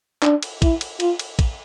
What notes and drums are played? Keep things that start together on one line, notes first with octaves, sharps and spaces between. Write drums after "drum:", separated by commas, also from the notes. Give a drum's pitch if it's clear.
D4, drum: clap
drum: cymbal
E4, drum: kick, cymbal
drum: cymbal
F4, drum: cymbal
drum: cymbal
drum: kick, cymbal